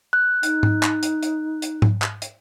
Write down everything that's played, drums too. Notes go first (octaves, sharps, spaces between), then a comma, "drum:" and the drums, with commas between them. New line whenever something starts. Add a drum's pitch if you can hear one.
F#6
D#4, drum: hi-hat
drum: tom G#2
drum: clap
drum: hi-hat
drum: hi-hat
drum: hi-hat
drum: tom G#2
drum: clap
drum: hi-hat